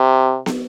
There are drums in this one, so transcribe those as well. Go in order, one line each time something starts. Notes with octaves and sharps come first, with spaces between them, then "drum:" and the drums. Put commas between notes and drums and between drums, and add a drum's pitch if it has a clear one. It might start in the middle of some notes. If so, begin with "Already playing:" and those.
Already playing: C3
drum: snare